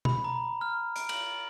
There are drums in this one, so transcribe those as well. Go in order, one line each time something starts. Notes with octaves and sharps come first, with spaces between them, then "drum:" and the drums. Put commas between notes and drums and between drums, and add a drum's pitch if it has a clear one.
B5, drum: tom B2
A#5
F6
D7, drum: hi-hat
F#7, drum: cymbal